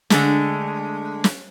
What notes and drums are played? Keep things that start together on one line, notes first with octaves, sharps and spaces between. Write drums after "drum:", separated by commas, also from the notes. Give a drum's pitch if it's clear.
D3 G#3 A3, drum: snare
drum: snare